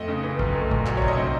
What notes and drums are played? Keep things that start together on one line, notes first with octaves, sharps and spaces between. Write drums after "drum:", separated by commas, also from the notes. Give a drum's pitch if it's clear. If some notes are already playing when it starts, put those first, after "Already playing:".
Already playing: F2 A3 D#5
C#3
E3
F#2, drum: kick
A3
A#2, drum: kick
F#3 D5, drum: clap
C#5
C2, drum: kick
D#5
C4